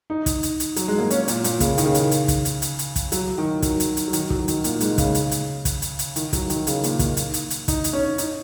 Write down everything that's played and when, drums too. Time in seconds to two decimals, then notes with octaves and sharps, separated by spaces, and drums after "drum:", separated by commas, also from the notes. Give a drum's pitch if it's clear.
0.10 D#4
0.26 drum: kick, hi-hat
0.43 drum: hi-hat
0.60 drum: hi-hat
0.76 F#3, drum: hi-hat
0.88 G#3
0.99 A#3
1.10 C#4, drum: hi-hat
1.28 A#2, drum: hi-hat
1.44 A#2, drum: hi-hat
1.60 C#3, drum: kick, hi-hat
1.78 D#3, drum: hi-hat
1.86 C#3
1.95 drum: hi-hat
2.11 drum: hi-hat
2.28 drum: kick, hi-hat
2.45 drum: hi-hat
2.62 drum: hi-hat
2.79 drum: hi-hat
2.96 drum: kick, hi-hat
3.12 F#3, drum: hi-hat
3.38 D#3
3.62 F#3, drum: kick, hi-hat
3.80 drum: hi-hat
3.97 drum: hi-hat
4.08 F#3
4.13 D#3, drum: hi-hat
4.30 F#3, drum: kick
4.48 D#3, drum: hi-hat
4.64 A#2, drum: hi-hat
4.81 G#2, drum: hi-hat
4.98 C#3, drum: kick, hi-hat
5.15 drum: hi-hat
5.31 drum: hi-hat
5.65 drum: kick, hi-hat
5.82 drum: hi-hat
5.99 drum: hi-hat
6.16 D#3, drum: hi-hat
6.33 F#3, drum: kick, hi-hat
6.50 D#3, drum: hi-hat
6.67 C#3, drum: hi-hat
6.84 A#2, drum: hi-hat
6.99 D#3, drum: kick, hi-hat
7.17 drum: hi-hat
7.34 drum: hi-hat
7.50 drum: hi-hat
7.68 D#4, drum: kick, hi-hat
7.84 drum: hi-hat
7.93 C#4
8.18 D#4, drum: hi-hat